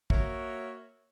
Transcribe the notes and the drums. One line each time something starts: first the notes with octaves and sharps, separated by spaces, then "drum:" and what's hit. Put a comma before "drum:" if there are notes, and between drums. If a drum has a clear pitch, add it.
A#3 F#4 A#4 C#5 E5, drum: kick